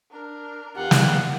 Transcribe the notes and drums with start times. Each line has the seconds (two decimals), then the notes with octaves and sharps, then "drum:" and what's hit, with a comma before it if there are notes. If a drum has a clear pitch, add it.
0.11 D4 A#4
0.76 E2 F4 G4 F#5
0.91 drum: snare